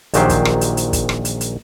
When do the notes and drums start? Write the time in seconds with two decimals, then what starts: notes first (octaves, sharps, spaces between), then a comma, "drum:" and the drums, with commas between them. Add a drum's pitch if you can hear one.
0.14 A#1 A#2 D#3 F#3 G4 C5, drum: hi-hat
0.29 drum: kick, hi-hat
0.45 drum: rim click
0.61 drum: hi-hat
0.77 drum: hi-hat
0.93 drum: kick, hi-hat
1.09 drum: rim click
1.25 drum: hi-hat
1.41 drum: hi-hat